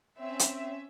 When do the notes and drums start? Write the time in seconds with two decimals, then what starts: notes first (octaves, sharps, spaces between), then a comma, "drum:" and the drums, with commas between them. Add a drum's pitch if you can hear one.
0.18 C4 C#4 E5
0.39 drum: hi-hat